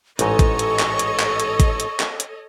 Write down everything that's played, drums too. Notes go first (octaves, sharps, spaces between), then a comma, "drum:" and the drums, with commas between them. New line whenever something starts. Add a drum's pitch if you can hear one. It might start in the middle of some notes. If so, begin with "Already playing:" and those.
A1 G#2 A4 C#5 D#5 C#6, drum: hi-hat
drum: kick G#1, hi-hat
drum: hi-hat
drum: clap
drum: hi-hat
drum: clap
drum: hi-hat
drum: kick G#1, hi-hat
drum: hi-hat
drum: clap
drum: hi-hat